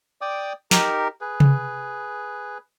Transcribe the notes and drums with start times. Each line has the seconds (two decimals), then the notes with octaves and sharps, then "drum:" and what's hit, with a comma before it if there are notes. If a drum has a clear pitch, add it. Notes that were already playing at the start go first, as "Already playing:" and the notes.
0.21 D5 G5 D6 D#6
0.71 D#4 G4 A#4, drum: snare
1.21 G#4 B4
1.40 drum: tom C3